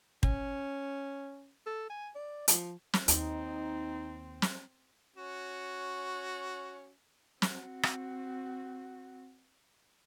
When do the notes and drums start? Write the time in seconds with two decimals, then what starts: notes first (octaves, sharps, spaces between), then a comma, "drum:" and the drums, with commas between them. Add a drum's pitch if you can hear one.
0.23 C#4, drum: kick
1.67 A4
1.90 G#5
2.15 D5
2.48 F3, drum: hi-hat
2.94 drum: snare
3.08 D#2 C4 D#4, drum: hi-hat
4.42 drum: snare
5.16 C#4 F#4
7.42 C4 F#4, drum: snare
7.83 drum: rim click